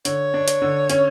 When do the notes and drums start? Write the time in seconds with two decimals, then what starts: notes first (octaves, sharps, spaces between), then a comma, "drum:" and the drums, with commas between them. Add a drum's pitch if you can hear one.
0.05 D3 C#5, drum: hi-hat
0.34 D4
0.48 drum: hi-hat
0.62 D3
0.90 C#4, drum: hi-hat